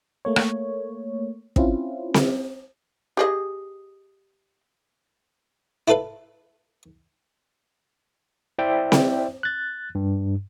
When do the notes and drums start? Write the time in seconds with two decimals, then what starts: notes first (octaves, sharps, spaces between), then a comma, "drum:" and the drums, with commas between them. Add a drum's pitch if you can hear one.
0.25 A3 A#3 C#5
0.36 drum: rim click
1.56 C4 C#4 E4 F4, drum: kick
2.14 drum: snare C4
3.17 G4 G#4 D#5
5.88 E4 F4 A4 B4 F5
8.59 E4 C5 D5 E5 G5
8.92 drum: snare C4
9.43 F#6 A6
9.95 G2